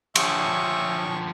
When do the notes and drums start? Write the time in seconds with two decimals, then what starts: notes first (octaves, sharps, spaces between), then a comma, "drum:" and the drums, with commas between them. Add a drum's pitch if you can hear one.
0.16 D3 F3 C#5 E5 G5 G#5 C#6 D#6, drum: cymbal